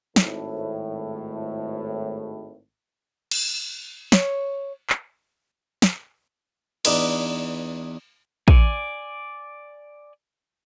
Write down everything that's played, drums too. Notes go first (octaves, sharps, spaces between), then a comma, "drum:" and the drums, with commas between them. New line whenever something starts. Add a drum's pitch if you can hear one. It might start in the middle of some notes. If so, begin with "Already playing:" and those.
G#1 A2, drum: snare
drum: cymbal
C#5, drum: snare
drum: clap
drum: snare
E2 D4 D#4 B4 D6, drum: cymbal
D5 G#5, drum: kick